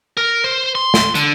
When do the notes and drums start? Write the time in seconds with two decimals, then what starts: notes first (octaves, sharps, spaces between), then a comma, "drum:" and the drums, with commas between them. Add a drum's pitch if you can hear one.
0.17 A#4
0.44 C5
0.75 C6
0.94 drum: snare
1.15 D3, drum: hi-hat